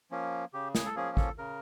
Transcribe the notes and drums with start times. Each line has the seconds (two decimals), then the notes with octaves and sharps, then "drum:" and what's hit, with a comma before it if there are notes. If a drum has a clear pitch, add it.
0.11 F3 A#3 C#4
0.54 C#3 G4
0.75 G#4, drum: snare
0.85 A4
0.96 F3 A#3 C#4 G#4
1.17 A4, drum: kick
1.38 C#3 A#4